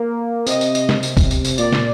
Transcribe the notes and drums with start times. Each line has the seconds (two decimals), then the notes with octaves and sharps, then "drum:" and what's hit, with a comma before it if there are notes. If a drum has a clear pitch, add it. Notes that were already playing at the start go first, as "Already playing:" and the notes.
Already playing: A#3
0.46 C3 D#5, drum: tambourine
0.61 drum: tambourine
0.75 drum: tambourine
0.89 drum: snare
1.03 drum: tambourine
1.17 drum: kick F1, tambourine
1.31 drum: tambourine
1.45 drum: tambourine
1.58 A#2 D5, drum: tambourine
1.72 drum: snare